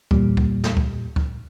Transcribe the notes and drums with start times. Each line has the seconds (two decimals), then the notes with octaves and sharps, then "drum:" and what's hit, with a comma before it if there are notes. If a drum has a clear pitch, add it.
0.11 E2 A#2 G3, drum: kick C#2
0.37 drum: kick C#2
0.64 drum: snare
0.77 drum: kick C#2
1.16 drum: kick C#2